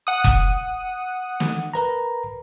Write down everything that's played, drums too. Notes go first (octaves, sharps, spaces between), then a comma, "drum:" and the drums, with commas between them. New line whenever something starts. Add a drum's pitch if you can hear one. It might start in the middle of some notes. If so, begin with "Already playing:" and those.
F#5 D#6
drum: kick F1
drum: snare
A#4 B4 A#5